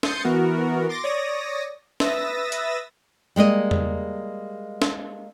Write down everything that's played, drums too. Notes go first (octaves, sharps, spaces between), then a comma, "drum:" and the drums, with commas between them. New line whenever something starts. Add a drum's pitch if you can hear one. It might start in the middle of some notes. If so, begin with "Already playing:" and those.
C6 D#6 G6 A6 C7 C#7, drum: snare
E3 B3 F#4 A#4
C6 D6 A6 A#6
C#5 D5 D#6 A#6
B4 E5 D#6 E6 A6 A#6, drum: snare
drum: hi-hat
G3 G#3 A#3 D#5
drum: tom E2
drum: snare